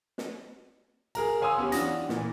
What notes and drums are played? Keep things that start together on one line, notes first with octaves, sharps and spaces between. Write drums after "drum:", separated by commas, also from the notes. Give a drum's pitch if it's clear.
drum: snare
G#4 A#4 A#5, drum: cymbal
C#5 F5 G#5 C6 D#6 E6
B3 C#4 G4
E3 D4 F4 F#5 D#6 A#6, drum: hi-hat
A#2 E3, drum: snare